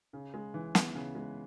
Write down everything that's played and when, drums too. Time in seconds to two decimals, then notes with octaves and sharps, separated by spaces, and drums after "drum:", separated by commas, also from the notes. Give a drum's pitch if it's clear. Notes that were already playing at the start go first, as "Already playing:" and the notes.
0.13 C#3
0.34 G#3
0.54 E3
0.75 B3, drum: snare
0.95 C#3
1.15 G#3